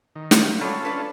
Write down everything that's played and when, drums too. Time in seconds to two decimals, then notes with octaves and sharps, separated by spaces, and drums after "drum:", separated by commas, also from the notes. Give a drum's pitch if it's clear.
0.15 D#3
0.31 drum: snare
0.42 F4
0.61 F#3 G3 C#4 F4 A4
0.83 D4 B4 D5